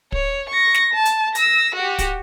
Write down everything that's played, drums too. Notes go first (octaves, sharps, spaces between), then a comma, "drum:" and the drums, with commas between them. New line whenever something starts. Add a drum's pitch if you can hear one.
C#5, drum: kick
C#6 A#6
drum: snare
A5
drum: hi-hat
E6 A#6, drum: hi-hat
F#4 G4
drum: kick, hi-hat